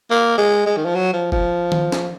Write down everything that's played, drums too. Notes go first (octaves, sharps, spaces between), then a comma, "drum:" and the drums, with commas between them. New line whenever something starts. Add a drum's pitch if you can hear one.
A#3
G#3
G#3
D#3
F3
F#3
F3
F3, drum: kick F1
drum: tom D#3
drum: snare